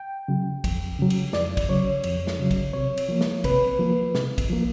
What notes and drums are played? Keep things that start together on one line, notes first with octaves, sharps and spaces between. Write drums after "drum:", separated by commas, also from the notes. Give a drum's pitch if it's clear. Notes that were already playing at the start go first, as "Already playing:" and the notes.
Already playing: G5
C#3 F#3
F2, drum: kick, cymbal
C#3 F#3
drum: cymbal
F2 D5, drum: snare
drum: kick, cymbal
C#3 F#3 C#5
F2, drum: cymbal
drum: snare
C#3 F#3
drum: kick, cymbal
C3 C#5
drum: cymbal
F3 A#3
drum: snare
C3 B4, drum: kick, cymbal
F3 A#3
C3, drum: snare
drum: kick, cymbal
F3 A#3